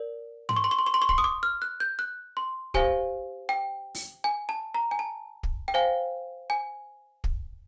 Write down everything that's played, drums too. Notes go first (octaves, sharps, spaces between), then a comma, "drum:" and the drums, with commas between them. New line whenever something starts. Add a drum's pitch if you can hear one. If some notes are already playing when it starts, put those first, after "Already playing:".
Already playing: A#4 D5
C6, drum: tom G#2
C#6
C6
C#6
C6
C#6
C6
C#6
C6, drum: kick
D#6
D6
F6
F#6
G6
F#6
C6
G4 C5 F5 G#5, drum: kick
G5
drum: open hi-hat
G#5
A5
A#5
G#5
A5
drum: kick
G5
C5 F5 G#5
G#5
drum: kick